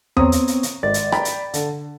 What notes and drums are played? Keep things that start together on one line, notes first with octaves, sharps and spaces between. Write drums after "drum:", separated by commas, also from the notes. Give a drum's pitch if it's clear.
B3 C4 C#5 A#5 D#6, drum: tom E2
drum: hi-hat
drum: hi-hat
drum: hi-hat
G#1 D5 A6
drum: hi-hat
G5 A#5 B5, drum: rim click
drum: hi-hat
D3, drum: hi-hat